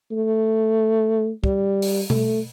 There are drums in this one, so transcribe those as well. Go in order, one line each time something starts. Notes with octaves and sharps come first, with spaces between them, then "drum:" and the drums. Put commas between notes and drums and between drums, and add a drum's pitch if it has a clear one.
A3
G3, drum: kick
drum: open hi-hat
A3, drum: tom B2